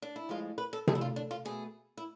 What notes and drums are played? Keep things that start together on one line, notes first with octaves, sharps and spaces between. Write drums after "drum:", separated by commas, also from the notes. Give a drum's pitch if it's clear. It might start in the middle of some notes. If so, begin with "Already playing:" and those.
D4
E4
A2 F3 G#3 F4
B4
A4
F2 D3 A3 G#4, drum: tom C3
E4
F4
D4
F4
B2 A3 G#4
E4